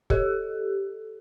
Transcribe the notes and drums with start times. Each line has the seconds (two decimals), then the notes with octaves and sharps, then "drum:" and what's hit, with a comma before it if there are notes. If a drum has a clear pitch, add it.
0.10 G4 A4, drum: kick